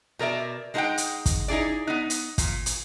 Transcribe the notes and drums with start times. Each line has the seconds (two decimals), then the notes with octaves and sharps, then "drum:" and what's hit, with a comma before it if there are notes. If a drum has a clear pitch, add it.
0.19 B2 A#4 D5 E5
0.74 G#3 D#4 G#4 A4 F#5 G5
0.98 drum: hi-hat
1.26 drum: kick, hi-hat
1.48 D#4 E4 G#4 D5
1.87 B3 D#4
2.10 drum: hi-hat
2.38 A#2, drum: kick, hi-hat
2.66 drum: hi-hat